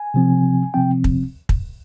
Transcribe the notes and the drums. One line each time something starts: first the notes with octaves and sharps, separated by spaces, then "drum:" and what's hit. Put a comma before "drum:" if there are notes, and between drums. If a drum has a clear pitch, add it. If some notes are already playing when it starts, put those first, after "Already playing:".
Already playing: G#5
C3 F3 C4
C3 F3 C4 G5
drum: kick
drum: kick